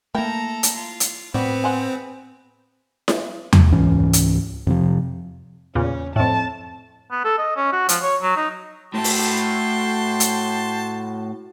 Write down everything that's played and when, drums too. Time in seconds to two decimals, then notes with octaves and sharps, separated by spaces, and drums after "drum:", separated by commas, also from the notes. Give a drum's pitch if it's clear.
0.14 A3 A#3 E4 A4 A#4 G5 A#5
0.63 drum: hi-hat
0.75 F4
1.00 drum: hi-hat
1.34 A2 G3 B3 C4 F#4
1.64 G#4 C5 F#5
3.08 drum: snare E4
3.53 drum: tom E2
3.73 C#2 G#2 E3 C#4
4.13 drum: hi-hat
4.67 F2 C3 F3
5.75 E2 A#2 C#3 C#4
6.16 F2 A2 A5
7.12 B3
7.25 A4
7.39 D#5
7.57 C#4
7.73 F#4
7.89 F3, drum: hi-hat
8.03 C#5
8.22 F#3
8.36 D#4
8.94 A2 F#4 A4 G5 A5 C6
9.04 drum: open hi-hat
10.20 drum: hi-hat